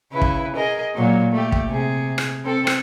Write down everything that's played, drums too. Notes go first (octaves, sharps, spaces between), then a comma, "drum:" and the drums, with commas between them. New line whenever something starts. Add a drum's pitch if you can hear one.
C#3 E4 B4
drum: kick
G#4 A#4 D#5
A#2 F#3
A3 G4
drum: kick
C3 G#4
drum: rim click
C4 A4
drum: rim click